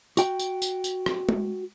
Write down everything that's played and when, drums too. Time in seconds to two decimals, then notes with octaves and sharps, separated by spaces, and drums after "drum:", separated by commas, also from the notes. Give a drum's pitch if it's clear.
0.17 F#4 G5, drum: tambourine
0.39 drum: tambourine
0.62 drum: tambourine
0.84 drum: tambourine
1.06 drum: rim click
1.29 drum: tom